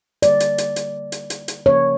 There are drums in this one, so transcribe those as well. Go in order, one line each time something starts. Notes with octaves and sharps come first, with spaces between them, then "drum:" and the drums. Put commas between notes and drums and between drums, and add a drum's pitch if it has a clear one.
D3 G3 A#3 D5, drum: hi-hat
drum: hi-hat
drum: hi-hat
drum: hi-hat
drum: hi-hat
drum: hi-hat
drum: hi-hat
C#3 F3 A#3 C#5